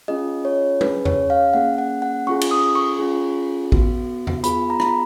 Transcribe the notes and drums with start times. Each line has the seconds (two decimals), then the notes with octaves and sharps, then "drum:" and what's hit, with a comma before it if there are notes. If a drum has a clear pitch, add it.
0.08 C#4 F4 G#4 D#5
0.45 C#5
0.81 C#4 G#4 B4, drum: tom
1.05 C#5, drum: tom E2
1.30 F5
1.53 A#3 C#4 G#4 F#5
1.78 F#5
2.02 F#5
2.27 C#4 F4 G#4 C#6
2.41 drum: cymbal
2.51 D#6
2.75 C#6
2.99 C#4 F4 G#4
3.72 B3 F#4, drum: kick A1
4.27 drum: tom E2
4.44 B3 F4 G#4 B5, drum: hi-hat
4.70 A#5
4.80 B5, drum: rim click